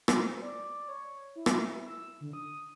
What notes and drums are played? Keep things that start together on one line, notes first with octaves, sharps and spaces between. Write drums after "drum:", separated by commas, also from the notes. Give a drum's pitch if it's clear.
C5, drum: rim click
D5
C#5
E4
drum: rim click
E6
D3
D#6